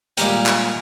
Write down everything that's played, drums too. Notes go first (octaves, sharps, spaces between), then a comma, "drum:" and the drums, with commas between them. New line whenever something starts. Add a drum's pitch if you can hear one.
A#2 G3 G#3 G4 A#4 G5, drum: hi-hat
drum: clap